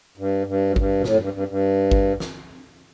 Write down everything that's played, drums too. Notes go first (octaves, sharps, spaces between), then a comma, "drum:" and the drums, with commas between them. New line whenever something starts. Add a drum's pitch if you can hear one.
G2
G2
F#2
G2, drum: kick G#1
B2
A2, drum: snare
F#2
G2
G2
G2
drum: kick G#1
drum: snare